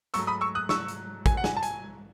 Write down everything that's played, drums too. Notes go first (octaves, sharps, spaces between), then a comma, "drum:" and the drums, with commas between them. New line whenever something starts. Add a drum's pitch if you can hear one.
G#2 F#3 A3 C#6 E6, drum: hi-hat
B5 D#6
C#6 E6
D#6 F#6
C#6 E6, drum: snare
drum: hi-hat
G#5, drum: kick, hi-hat
F#5
G#5, drum: snare
A5
G#5, drum: hi-hat